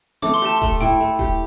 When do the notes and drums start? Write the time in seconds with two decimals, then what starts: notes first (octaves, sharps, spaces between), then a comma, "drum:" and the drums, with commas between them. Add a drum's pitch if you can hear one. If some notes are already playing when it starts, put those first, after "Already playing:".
0.22 A3 D6, drum: tom B3
0.34 C6
0.42 G4 A5
0.56 C6
0.62 A3, drum: kick D#1
0.81 E4 G5, drum: tom G2
1.00 A3
1.19 G4, drum: kick D#1